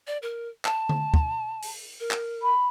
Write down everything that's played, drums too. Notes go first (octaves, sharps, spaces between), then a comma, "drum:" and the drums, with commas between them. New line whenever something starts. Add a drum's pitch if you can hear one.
D5
A#4
A5, drum: clap
drum: tom D3
drum: kick
drum: open hi-hat
A#4
drum: clap
B5